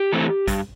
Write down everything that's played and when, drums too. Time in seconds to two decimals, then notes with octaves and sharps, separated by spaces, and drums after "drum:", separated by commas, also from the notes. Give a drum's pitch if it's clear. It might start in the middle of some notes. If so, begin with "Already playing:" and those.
Already playing: G4
0.13 E3 A3 C4
0.47 G2, drum: kick A1, hi-hat